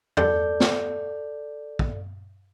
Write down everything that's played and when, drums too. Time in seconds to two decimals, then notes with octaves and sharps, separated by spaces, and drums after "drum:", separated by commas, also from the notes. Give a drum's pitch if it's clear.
0.17 A4 D5 G6, drum: tom E2
0.60 drum: snare
1.79 drum: kick